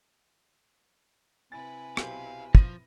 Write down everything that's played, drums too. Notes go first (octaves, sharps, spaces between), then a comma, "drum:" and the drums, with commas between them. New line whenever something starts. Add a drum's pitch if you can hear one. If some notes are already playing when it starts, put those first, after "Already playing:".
C3 E4 B4 G#5 A6
B1 G4 C5 F5, drum: rim click
F3 A#6 D#7, drum: kick